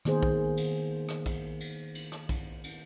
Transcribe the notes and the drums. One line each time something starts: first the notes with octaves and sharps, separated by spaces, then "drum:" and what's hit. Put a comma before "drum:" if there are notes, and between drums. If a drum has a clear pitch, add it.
D#3 A#3 B3 G#4 C5, drum: rim click
drum: kick B1
drum: cymbal
drum: rim click
drum: kick B1, cymbal
drum: cymbal
drum: cymbal
drum: rim click
drum: kick B1, cymbal
drum: cymbal